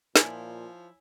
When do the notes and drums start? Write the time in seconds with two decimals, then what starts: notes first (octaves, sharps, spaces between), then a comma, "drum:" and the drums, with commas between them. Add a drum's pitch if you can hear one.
0.16 A#2 F3 E4 C#5 G#5, drum: snare